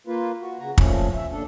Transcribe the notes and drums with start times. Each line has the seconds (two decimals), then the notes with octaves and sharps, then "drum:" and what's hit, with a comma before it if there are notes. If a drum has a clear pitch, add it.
0.07 A#3 F4 B4
0.41 F#4
0.59 C#3 F#4 A#5
0.78 A#2 F3 A3 C#4, drum: kick
1.15 E5
1.32 D#2 D4 A4